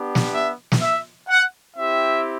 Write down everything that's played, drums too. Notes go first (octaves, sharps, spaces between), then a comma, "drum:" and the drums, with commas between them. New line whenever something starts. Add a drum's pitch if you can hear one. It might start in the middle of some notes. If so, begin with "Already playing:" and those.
Already playing: B3 D4 G4
drum: snare
E5
drum: snare
E5
F#5
C4 E4 G4 E5